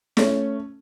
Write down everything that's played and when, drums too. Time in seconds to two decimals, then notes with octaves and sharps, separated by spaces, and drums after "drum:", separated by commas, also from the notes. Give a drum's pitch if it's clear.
0.17 A3 C#4, drum: snare